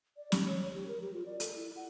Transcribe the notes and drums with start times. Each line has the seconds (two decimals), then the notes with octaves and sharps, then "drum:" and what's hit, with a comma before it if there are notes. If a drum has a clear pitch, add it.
0.17 D5
0.32 G4, drum: snare
0.46 C#5
0.61 C#5
0.74 G4
0.88 A#4
1.01 G4
1.13 F4
1.26 D5
1.40 A4, drum: hi-hat
1.56 E4
1.76 F#5